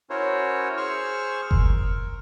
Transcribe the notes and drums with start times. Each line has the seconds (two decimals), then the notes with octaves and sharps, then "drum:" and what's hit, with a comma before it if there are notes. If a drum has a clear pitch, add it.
0.10 C#4 E4 F#4 A#4 C5 C#5
0.77 G#4 C5 C#6 E6 F6
1.51 A#4, drum: kick F#1